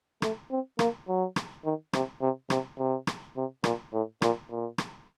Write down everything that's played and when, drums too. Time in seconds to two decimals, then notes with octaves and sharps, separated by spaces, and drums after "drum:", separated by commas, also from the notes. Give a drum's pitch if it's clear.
0.22 A3, drum: rim click
0.51 C4
0.79 A#3, drum: rim click
1.08 F#3
1.36 drum: rim click
1.64 D#3
1.93 C3, drum: rim click
2.21 C3
2.50 C3, drum: rim click
2.78 C3
3.07 drum: rim click
3.36 C3
3.64 A#2, drum: rim click
3.93 A2
4.22 A#2, drum: rim click
4.50 A#2
4.78 drum: rim click